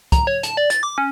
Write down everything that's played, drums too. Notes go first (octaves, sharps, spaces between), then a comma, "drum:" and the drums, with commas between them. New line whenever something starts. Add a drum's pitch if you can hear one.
A#5, drum: kick, hi-hat
C#5
A5, drum: hi-hat
D5
A6, drum: hi-hat
D6
C#4